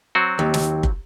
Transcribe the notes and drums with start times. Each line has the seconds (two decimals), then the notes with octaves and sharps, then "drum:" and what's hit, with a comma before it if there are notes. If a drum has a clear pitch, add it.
0.15 F#3 C4 F#4
0.39 D#2
0.54 drum: snare
0.83 drum: kick